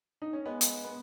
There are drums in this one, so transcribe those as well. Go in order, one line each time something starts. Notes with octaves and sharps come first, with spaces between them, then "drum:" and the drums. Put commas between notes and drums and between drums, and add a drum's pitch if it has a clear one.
D#4
C#4
G#3 B3
drum: hi-hat
B3